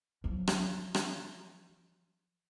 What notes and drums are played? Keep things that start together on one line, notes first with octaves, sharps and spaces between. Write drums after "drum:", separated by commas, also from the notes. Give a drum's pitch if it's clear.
F3 F#3
drum: rim click
drum: rim click